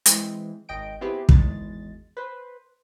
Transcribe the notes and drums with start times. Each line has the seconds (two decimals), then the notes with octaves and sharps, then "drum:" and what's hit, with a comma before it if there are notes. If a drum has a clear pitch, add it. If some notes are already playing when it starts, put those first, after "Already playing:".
0.06 E3 G#3 C4, drum: hi-hat
0.69 G#1 D#5 G5 D7
1.01 B3 C4 E4 G4 G#4 B4
1.29 G#1 E2 G#3 A6, drum: kick
2.17 B4 C5